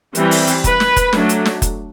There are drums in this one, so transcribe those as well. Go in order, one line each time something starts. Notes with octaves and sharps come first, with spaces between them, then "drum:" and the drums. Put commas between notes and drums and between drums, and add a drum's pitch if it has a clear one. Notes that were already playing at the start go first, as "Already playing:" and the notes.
E3 G3 C4, drum: hi-hat
drum: open hi-hat
drum: hi-hat
B4, drum: kick F1, hi-hat
drum: snare
drum: kick F1, hi-hat
F#3 A3 D4, drum: snare
drum: hi-hat
drum: snare
drum: kick F1, hi-hat